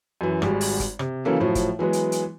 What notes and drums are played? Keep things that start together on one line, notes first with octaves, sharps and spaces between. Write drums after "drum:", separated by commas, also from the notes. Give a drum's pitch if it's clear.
F#2 E3
G#1 G3 G#3 F#4, drum: rim click
drum: open hi-hat
drum: kick, hi-hat
C3, drum: rim click
C#3 E3 F#3 A#3 C#4 A4
A2 F3 F#3
drum: kick, hi-hat
E3 F#3 G#3 B3
drum: hi-hat
drum: hi-hat